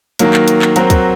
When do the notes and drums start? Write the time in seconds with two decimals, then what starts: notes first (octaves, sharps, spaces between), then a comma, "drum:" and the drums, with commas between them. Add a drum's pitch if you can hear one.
0.19 D#3 F#3 A#3, drum: hi-hat
0.33 drum: clap
0.48 drum: hi-hat
0.62 drum: clap
0.76 F#3 C4 F#4 A#4, drum: hi-hat
0.90 drum: kick, hi-hat